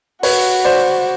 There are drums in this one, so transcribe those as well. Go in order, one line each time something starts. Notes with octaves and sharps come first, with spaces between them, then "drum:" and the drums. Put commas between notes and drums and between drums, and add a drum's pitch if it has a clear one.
F#4 B4 C#5, drum: open hi-hat
C5 D5